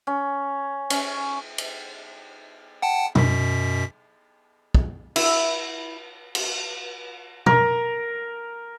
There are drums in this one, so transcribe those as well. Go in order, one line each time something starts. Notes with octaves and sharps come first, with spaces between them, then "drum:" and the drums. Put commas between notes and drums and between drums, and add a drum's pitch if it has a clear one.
C#4
C#4, drum: cymbal
drum: cymbal
F#5 G5 A5
F#2 B2 B6, drum: tom
drum: kick
E4, drum: cymbal
drum: cymbal
A#4, drum: tom